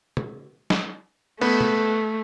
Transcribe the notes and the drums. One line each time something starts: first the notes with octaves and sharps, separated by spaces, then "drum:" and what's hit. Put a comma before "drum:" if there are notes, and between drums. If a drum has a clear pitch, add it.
drum: tom
drum: snare
A3 B3, drum: cymbal
drum: tom